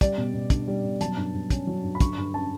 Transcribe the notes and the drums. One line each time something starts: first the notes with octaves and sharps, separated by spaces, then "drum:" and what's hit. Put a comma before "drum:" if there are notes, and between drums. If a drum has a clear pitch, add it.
G3 D5, drum: kick, hi-hat
B2
B2
D4, drum: kick, hi-hat
G3
B2
F#3 A5, drum: hi-hat
G2
G2
C#4, drum: kick, hi-hat
F#3
G2
B5
D3 C#6, drum: kick, hi-hat
G2 B5
C#4 A5